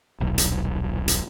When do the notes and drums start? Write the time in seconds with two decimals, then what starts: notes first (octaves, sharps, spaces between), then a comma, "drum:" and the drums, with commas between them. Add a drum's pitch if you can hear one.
0.20 D#1 B1
0.38 drum: hi-hat
1.08 drum: hi-hat